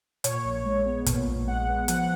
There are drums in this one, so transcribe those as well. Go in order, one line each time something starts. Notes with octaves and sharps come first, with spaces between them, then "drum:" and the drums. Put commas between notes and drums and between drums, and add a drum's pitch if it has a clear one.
A#2 C#5, drum: hi-hat
A#1
G#3
B3
A#2, drum: kick, hi-hat
A#1
G#3 F#5
B3
F3 F#5, drum: hi-hat